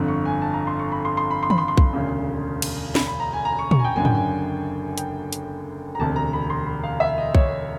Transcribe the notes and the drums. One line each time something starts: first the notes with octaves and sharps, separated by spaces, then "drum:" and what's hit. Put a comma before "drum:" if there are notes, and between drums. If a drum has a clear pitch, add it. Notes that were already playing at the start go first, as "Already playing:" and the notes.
Already playing: G1 F2 D3
C#6
G#5
A5
A#5
C6
C#6
B5
C6
C6
B5
C6
B5, drum: tom D#3
C6
C6
drum: kick B1
E1 D2 C#3
drum: cymbal
B5, drum: snare
B5
A#5
G#5
A#5
C#6
C#6, drum: tom
G#5
G5
F#1 F#2 D3 G#5
G5, drum: tom G#2
G#5
G5, drum: hi-hat
drum: hi-hat
A#5
E1 D2 C3 A5
A#5
B5
C6
B5
F5
E5
D#5
C#5, drum: kick B1